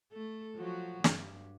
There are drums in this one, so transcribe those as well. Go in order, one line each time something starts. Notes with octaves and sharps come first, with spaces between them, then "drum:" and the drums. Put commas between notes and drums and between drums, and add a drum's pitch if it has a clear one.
A3 A4
F3 F#3 F#4
G2, drum: snare